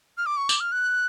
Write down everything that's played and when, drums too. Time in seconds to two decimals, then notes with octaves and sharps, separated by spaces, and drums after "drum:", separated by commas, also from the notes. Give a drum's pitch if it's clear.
0.18 F6
0.26 D6
0.37 C#6
0.49 D6, drum: tambourine
0.60 F6
0.72 F#6